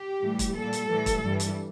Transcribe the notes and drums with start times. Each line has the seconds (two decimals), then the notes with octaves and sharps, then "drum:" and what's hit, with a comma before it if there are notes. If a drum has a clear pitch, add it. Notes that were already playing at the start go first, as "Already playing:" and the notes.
Already playing: G4
0.23 A2 E3 G3
0.39 drum: kick, hi-hat
0.56 A#2 G3 A4
0.73 drum: hi-hat
0.89 A2 E3 G3
1.06 drum: kick, hi-hat
1.23 G2 E3 G3
1.40 drum: hi-hat